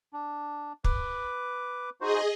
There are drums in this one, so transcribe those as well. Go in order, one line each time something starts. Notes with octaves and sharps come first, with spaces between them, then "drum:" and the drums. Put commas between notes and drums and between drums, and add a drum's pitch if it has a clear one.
D4
B4 D6, drum: kick
D#4 F#4 G#4 C5 D#5